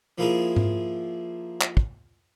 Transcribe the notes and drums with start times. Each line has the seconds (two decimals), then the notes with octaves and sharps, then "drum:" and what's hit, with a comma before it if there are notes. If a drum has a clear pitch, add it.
0.18 F3 A#3 E4 F4 G#4 A#4
0.56 drum: tom G#2
1.61 drum: clap
1.77 drum: kick